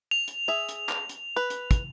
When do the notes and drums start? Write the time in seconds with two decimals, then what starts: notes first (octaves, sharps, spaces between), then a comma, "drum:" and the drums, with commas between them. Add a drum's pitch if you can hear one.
0.11 F7
0.28 drum: hi-hat
0.48 G#4 E5
0.69 drum: hi-hat
0.89 drum: clap
1.09 drum: hi-hat
1.36 B4
1.50 drum: hi-hat
1.71 drum: kick, hi-hat